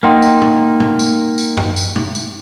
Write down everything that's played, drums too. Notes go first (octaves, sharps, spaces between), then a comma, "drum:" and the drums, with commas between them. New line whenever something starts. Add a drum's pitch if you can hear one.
A#3 D#4 F#5 G5 C6
drum: tambourine
drum: tom
drum: tom
drum: tambourine
drum: tambourine
drum: tom F#2
drum: tambourine
drum: tom
drum: tambourine